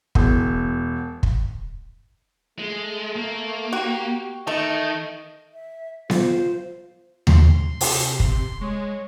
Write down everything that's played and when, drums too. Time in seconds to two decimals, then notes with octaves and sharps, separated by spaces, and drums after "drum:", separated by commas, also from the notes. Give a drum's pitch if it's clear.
0.15 E1, drum: kick
1.23 drum: kick
2.59 G#3 A3
3.16 A#3
3.73 F#4 G4
4.47 D#3 A3 D#5
5.54 E5
6.10 F4 C5, drum: snare B3
7.27 C6, drum: tom D#2
7.81 C3, drum: open hi-hat
8.20 drum: kick
8.61 G#3 C#5